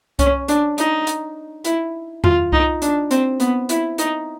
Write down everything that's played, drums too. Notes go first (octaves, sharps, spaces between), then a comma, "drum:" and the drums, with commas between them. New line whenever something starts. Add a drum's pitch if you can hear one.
C#4, drum: kick C2, hi-hat
D4, drum: hi-hat
D#4, drum: hi-hat
drum: hi-hat
E4, drum: hi-hat
F4, drum: tom E2
D#4, drum: kick C2
D4, drum: hi-hat
C4, drum: hi-hat
B3, drum: hi-hat
E4, drum: hi-hat
D#4, drum: hi-hat